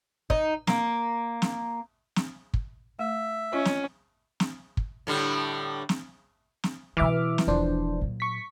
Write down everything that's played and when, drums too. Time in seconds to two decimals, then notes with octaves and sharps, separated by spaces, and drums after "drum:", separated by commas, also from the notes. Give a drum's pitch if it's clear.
0.30 D#4, drum: kick
0.67 A#3, drum: snare
1.42 drum: snare
2.16 drum: snare
2.54 drum: kick
2.99 A3 E5
3.53 C#4 F4 D#5
3.65 drum: snare
4.40 drum: snare
4.77 drum: kick
5.07 A2 D3 G3
5.89 drum: snare
6.64 drum: snare
6.97 B2 E3 G3 E5 D6 F6
7.38 drum: snare
7.47 E1 F3 D4 C5
8.01 A#2 F#3
8.20 C#6 B6